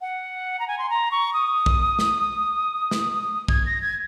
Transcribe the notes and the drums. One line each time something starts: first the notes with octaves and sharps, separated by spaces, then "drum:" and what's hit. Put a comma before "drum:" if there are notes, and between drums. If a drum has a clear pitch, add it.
F#5
A#5
G#5
C6
A#5
C#6
D#6
drum: kick
drum: snare
drum: snare
G#6, drum: kick
A#6
G#6